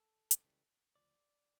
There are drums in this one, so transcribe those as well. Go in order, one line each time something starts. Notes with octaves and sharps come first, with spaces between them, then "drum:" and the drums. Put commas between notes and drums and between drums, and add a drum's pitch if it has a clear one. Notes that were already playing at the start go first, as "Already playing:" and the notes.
Already playing: A4
drum: hi-hat
C#2 C#3 E3 G3
D2 C#3 F3 D5